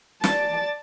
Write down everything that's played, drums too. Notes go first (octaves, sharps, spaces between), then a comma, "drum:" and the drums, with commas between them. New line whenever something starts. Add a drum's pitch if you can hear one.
D5 A5, drum: snare